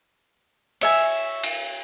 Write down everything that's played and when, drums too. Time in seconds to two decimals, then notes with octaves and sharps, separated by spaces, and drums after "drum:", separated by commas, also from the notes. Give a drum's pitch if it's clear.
0.81 C#5 E5 G#5, drum: cymbal
1.44 drum: cymbal